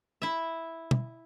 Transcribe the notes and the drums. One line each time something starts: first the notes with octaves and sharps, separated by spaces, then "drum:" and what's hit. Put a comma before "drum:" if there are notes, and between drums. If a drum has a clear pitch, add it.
E4 E5
drum: tom